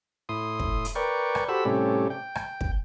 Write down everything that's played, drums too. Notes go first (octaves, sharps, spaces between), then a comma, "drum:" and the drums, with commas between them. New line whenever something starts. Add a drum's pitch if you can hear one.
A2 E4 C6 D#6
drum: kick
drum: hi-hat
A#4 B4 D5 G5 C#6
drum: rim click
F#4 G4 A4 C5 B5 E6
A2 C3 G3 A3 C#4 G4
G5
drum: rim click
drum: kick